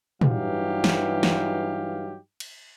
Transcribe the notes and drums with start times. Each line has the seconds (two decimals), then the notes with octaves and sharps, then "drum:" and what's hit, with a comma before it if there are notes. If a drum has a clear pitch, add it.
0.21 G2 E3 F#3 D#4 G4 F5, drum: tom
0.84 drum: snare
1.23 drum: snare
2.40 drum: cymbal